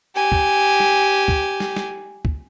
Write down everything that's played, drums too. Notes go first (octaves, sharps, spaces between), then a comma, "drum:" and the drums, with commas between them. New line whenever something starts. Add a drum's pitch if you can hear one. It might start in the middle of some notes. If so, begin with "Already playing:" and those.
G4 G#5
drum: kick
drum: snare
drum: kick
drum: snare
drum: snare
drum: kick